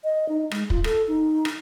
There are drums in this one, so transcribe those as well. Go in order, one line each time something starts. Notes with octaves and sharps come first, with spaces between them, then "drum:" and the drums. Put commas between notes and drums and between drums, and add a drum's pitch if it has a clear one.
D#5
D#4
G#3, drum: rim click
F4, drum: kick
A4, drum: rim click
D#4
drum: rim click